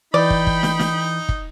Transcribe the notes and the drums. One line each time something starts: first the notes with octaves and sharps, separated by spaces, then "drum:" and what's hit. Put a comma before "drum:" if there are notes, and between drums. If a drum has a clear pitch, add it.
E3 D#4 D5 G5 B5
drum: kick
drum: kick
drum: snare
drum: snare
drum: kick